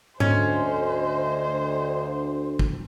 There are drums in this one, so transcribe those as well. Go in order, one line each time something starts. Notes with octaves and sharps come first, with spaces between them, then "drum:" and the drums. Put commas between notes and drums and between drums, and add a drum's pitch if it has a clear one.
D2 C#4 C5 D#5, drum: tom G#2
drum: kick